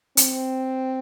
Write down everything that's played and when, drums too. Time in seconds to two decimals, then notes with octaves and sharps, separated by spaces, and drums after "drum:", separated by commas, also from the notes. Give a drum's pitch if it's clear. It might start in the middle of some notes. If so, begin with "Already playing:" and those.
0.17 C4, drum: hi-hat